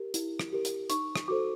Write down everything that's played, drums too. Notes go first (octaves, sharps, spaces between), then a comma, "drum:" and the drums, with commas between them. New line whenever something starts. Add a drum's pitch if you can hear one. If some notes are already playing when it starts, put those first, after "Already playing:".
Already playing: G4 A#4
E4, drum: hi-hat
drum: rim click
G4 A#4
drum: hi-hat
D#4 C#6, drum: hi-hat
drum: rim click
F#4 A4 C5 D6